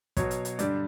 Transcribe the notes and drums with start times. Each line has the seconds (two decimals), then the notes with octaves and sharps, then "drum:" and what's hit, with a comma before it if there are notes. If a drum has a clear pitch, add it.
0.17 B2 F#3 C#5, drum: kick, hi-hat
0.31 drum: hi-hat
0.45 drum: hi-hat
0.59 G2 D3 G3 D5, drum: hi-hat